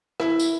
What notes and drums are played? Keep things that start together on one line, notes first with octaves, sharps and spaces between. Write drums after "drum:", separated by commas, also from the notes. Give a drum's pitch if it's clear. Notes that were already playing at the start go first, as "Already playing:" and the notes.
E4, drum: rim click
drum: tambourine